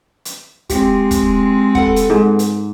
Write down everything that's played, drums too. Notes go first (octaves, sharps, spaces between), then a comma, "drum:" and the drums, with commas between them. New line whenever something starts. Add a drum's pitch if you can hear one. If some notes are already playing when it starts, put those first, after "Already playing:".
drum: hi-hat
G#3 C4 G4, drum: kick, hi-hat
drum: kick, hi-hat
A4 B4 F#5, drum: kick
drum: hi-hat
G#2
drum: hi-hat